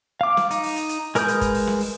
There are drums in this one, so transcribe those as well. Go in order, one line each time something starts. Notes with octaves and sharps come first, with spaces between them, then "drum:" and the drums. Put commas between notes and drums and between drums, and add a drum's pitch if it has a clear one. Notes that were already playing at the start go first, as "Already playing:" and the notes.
F5 D6
drum: snare
D#4, drum: hi-hat
drum: open hi-hat
drum: hi-hat
drum: hi-hat
G#3 A#4 B4 D#6 G6, drum: hi-hat
drum: hi-hat
drum: kick G1, hi-hat
drum: open hi-hat
drum: snare
drum: open hi-hat